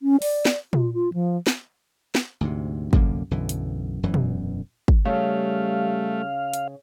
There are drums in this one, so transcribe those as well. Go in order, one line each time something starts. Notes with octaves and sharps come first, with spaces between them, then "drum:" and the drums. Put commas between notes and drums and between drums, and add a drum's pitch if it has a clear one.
C#4
D5, drum: open hi-hat
drum: snare
F4, drum: tom
F4
F3
drum: snare
drum: snare
D2 G#2 C3
C2 F#2 D3 A#3, drum: kick
B1 F#2 D3 E3
drum: hi-hat
E1 F#2 B2 E3
drum: tom
drum: kick
C#3 G3 A3 F5
drum: hi-hat